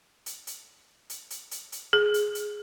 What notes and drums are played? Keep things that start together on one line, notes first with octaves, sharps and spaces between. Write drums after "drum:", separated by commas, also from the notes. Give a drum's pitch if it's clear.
drum: hi-hat
drum: hi-hat
drum: hi-hat
drum: hi-hat
drum: hi-hat
drum: hi-hat
G#4
drum: hi-hat
drum: hi-hat